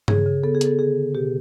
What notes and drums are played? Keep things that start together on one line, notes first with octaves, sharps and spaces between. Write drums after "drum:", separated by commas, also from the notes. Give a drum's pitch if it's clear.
C#3 G#4, drum: tom G2
C#3
B3 A4
G#4
B3 A4, drum: hi-hat
D3 G#4
D3
B2 G4